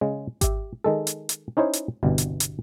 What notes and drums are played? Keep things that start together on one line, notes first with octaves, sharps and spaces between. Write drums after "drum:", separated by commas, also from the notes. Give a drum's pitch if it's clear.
C#3 G#3
G4 E5, drum: kick G#1, hi-hat
D#3 G#3 A4
drum: hi-hat
drum: hi-hat
C#4 D#4 E4 C5 C#5
drum: hi-hat
G1 C2 G2 B2
drum: hi-hat
drum: hi-hat